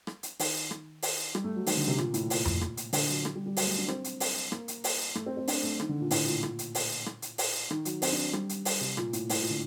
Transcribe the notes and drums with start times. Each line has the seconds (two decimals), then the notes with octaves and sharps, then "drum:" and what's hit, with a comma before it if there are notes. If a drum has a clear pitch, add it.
0.07 drum: rim click
0.23 drum: hi-hat
0.39 D#3, drum: open hi-hat
0.71 drum: rim click
1.02 drum: open hi-hat
1.35 G3, drum: rim click
1.44 A3
1.56 F#3
1.66 D#3, drum: open hi-hat
1.77 D3
1.88 C3
1.98 A#2, drum: rim click
2.14 A2, drum: hi-hat
2.30 A#2, drum: open hi-hat
2.45 drum: tom F2
2.61 drum: rim click
2.77 drum: hi-hat
2.93 D3, drum: open hi-hat
3.09 F#3
3.25 drum: rim click
3.35 G3
3.46 G3
3.57 F#3, drum: open hi-hat
3.67 A3
3.78 D4
3.88 C4, drum: rim click
4.04 drum: hi-hat
4.20 drum: open hi-hat
4.52 A#3, drum: rim click
4.68 drum: hi-hat
4.84 drum: open hi-hat
5.15 A3, drum: rim click
5.26 C4
5.37 C4
5.48 D4, drum: open hi-hat
5.63 A3
5.80 D#3, drum: rim click
5.89 D3
6.01 A#2
6.11 A2, drum: open hi-hat
6.27 A#2
6.43 drum: rim click
6.59 drum: hi-hat
6.75 drum: open hi-hat
7.06 drum: rim click
7.22 drum: hi-hat
7.38 drum: open hi-hat
7.71 D#3, drum: rim click
7.85 F#3, drum: hi-hat
8.02 C4, drum: open hi-hat
8.12 D4
8.33 G3, drum: rim click
8.49 drum: hi-hat
8.65 drum: open hi-hat
8.81 C3
8.97 A#2, drum: rim click
9.13 A2, drum: hi-hat
9.29 A2, drum: open hi-hat
9.40 A#2
9.50 D3